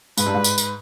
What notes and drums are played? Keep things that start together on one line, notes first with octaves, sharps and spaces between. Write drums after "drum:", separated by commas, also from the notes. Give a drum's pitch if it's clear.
G#2 B4, drum: tambourine
G2
G#2
drum: tambourine
drum: tambourine